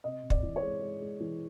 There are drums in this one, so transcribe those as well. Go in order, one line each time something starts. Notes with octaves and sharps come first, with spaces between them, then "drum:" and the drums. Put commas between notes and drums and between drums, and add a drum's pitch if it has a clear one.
C3 D#5
C3
D5, drum: kick
E3
C#5
G#3
G#3
G#3
E3